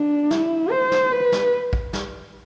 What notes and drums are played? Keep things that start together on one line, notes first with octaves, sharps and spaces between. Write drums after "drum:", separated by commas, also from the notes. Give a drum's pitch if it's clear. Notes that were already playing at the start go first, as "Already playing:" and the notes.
Already playing: D4
E4, drum: snare
C5
drum: snare
B4
drum: snare
drum: kick
drum: snare